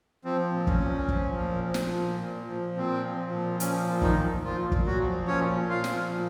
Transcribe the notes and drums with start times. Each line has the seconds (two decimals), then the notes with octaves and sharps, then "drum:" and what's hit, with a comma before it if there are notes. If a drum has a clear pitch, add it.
0.25 F3 C4
0.53 A#2
0.67 C#4, drum: kick
0.81 A#2
1.08 F3, drum: kick
1.37 A#2
1.64 F3
1.74 drum: snare
1.92 A#2
2.20 A#2
2.48 F3
2.77 A#2 C4
3.05 F3
3.32 A#2
3.60 F3 C#4, drum: hi-hat
3.88 A#2
4.02 D#3 D#4, drum: kick
4.16 F3
4.44 A#2 F3 F4
4.72 A#2, drum: kick
4.86 F#3 F#4
4.99 F3
5.27 A#2 C#4 C#5
5.56 A#2
5.69 F4 F5
5.84 F3, drum: snare
6.11 A#2